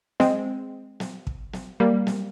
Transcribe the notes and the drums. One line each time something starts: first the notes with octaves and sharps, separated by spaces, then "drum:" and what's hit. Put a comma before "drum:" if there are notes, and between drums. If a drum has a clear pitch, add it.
G#3 C4, drum: snare
drum: snare
drum: kick
drum: snare
G3 A#3
drum: snare